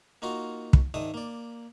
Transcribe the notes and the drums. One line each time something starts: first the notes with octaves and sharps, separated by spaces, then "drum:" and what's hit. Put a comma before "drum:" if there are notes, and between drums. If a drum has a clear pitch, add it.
A#3 D#4 F4 F#4 A#4
drum: kick
G#2 D#3 D4 E5 D#6
A#3 D5